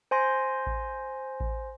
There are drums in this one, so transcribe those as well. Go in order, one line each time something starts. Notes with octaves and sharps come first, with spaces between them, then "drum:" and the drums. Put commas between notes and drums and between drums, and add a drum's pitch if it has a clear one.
C5 G#5 C6 A#6
drum: kick A1
drum: kick A1